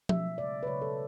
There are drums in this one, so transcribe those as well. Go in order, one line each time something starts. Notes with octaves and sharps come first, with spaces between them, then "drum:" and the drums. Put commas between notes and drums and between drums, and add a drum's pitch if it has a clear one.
B2 F#3 A3 E5, drum: tom F3
C#3 G#3 D5
B4
C#3 F#3 A3 C#5
A4